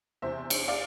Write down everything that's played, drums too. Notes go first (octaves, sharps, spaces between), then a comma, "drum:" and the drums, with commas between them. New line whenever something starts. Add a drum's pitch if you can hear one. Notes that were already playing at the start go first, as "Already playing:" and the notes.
E2 C3 E3 C5 E5
drum: cymbal
D5 F5